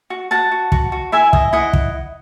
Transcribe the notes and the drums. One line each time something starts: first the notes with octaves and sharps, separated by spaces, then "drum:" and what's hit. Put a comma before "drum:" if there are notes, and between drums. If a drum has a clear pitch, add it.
F#4
F#4 F#5 A5
F#4
F#4, drum: kick
F#4
E4 E5 G#5
D#5, drum: kick
E4 D#5 F#5
drum: kick